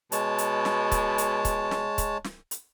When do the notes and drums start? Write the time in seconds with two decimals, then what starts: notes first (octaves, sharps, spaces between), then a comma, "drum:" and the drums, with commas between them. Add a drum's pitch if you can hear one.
0.12 B2 G#3 C#5 A5, drum: hi-hat
0.38 drum: hi-hat
0.65 drum: snare
0.92 drum: kick, hi-hat
1.18 drum: hi-hat
1.45 drum: kick, hi-hat
1.71 drum: snare
1.98 drum: kick, hi-hat
2.24 drum: snare
2.51 drum: hi-hat